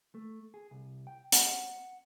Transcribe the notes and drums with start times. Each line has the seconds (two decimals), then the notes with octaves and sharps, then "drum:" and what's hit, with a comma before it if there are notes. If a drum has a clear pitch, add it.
0.15 A3
0.54 G#4
0.71 C2
1.07 G5
1.32 F#5, drum: hi-hat